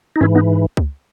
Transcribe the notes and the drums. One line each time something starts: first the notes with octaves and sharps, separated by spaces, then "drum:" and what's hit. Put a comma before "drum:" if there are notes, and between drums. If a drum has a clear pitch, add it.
D#4
G#2 E3 C#4 E4
B3 D#4
drum: kick C#2